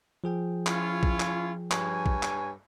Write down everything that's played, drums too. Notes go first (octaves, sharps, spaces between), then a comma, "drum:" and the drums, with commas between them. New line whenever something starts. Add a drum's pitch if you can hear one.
F3 G#4 G5
C#4 E4 F4, drum: clap
drum: kick
drum: clap
G2 C#5 G#5, drum: clap
drum: kick
drum: clap